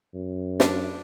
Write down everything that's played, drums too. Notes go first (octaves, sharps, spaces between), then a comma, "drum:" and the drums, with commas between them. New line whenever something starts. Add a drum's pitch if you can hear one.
F#2
D4, drum: snare